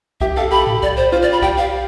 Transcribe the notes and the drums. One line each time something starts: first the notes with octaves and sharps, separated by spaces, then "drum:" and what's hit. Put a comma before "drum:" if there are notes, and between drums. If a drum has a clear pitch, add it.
G4 E5, drum: kick A#1
A4 F5
G4 B5
drum: tom G#2
D5, drum: kick A#1
C5
F4 C5
D5
B5
G4 G5, drum: kick A#1
F5